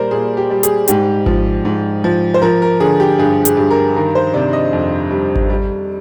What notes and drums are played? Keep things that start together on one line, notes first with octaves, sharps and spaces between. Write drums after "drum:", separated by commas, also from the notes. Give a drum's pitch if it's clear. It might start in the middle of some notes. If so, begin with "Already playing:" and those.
Already playing: A#2 G3 A#4 C5 D5
A#2 G#4
G4
G3
G#4, drum: hi-hat
G#2 G4, drum: hi-hat
F3, drum: kick G#1
G#2
F3
C5
F3 A#4
A#4
D3 G#4
G4
G2 G#4
G#4, drum: hi-hat
G2
A#4
D#3 A#4
C5
C3 D5
D#5
F2
G3
drum: kick G#1
G3